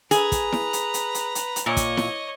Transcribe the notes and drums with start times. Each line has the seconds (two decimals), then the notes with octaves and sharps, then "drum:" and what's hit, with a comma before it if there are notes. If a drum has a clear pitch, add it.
0.11 G#4 B4 A#5, drum: hi-hat
0.32 drum: kick, hi-hat
0.52 drum: snare E4
0.73 drum: hi-hat
0.94 drum: hi-hat
1.15 drum: hi-hat
1.35 drum: hi-hat
1.56 drum: hi-hat
1.66 A#2 C#5 D#5
1.77 drum: kick, hi-hat
1.97 drum: snare E4